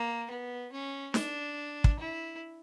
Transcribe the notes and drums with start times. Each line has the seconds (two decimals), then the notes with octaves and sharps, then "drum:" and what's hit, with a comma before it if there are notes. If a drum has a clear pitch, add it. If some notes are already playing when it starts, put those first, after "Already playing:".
Already playing: A#3
0.30 B3
0.72 C#4
1.14 D4, drum: snare
1.84 drum: kick
1.99 E4